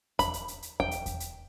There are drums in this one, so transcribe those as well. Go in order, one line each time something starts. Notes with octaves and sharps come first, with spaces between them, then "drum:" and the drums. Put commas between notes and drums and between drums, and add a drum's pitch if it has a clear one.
B5, drum: kick E2, hi-hat
drum: hi-hat
drum: hi-hat
drum: hi-hat
G5, drum: kick E2
drum: hi-hat
drum: kick E2, hi-hat
drum: hi-hat